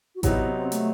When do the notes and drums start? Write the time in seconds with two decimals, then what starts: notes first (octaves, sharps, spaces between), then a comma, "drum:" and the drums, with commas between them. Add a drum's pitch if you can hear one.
0.15 F#4
0.23 C3 F#3 B3 D#4 E4, drum: kick A1, hi-hat
0.47 C4
0.72 A3, drum: hi-hat